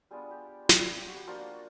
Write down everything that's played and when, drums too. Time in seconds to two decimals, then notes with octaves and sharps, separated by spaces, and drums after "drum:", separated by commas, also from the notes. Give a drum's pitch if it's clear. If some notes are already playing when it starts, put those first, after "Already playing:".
0.11 G3 B3 D4 F4 G#4
0.31 G4
0.69 G4, drum: snare
0.98 G4
1.07 F#4
1.16 G4
1.27 F3 A#3 D4 F4 F#4